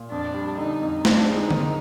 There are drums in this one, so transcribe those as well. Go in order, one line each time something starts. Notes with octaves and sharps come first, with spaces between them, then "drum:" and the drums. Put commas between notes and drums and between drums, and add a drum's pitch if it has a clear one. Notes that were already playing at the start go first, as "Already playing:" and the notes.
Already playing: A#2
F2 D4
G3
D3 D#4
F2
C4 D4, drum: snare
G#3
D#4
D#3, drum: tom D3